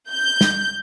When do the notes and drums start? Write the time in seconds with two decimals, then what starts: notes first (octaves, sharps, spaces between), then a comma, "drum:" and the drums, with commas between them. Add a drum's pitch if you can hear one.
0.11 G6
0.41 drum: snare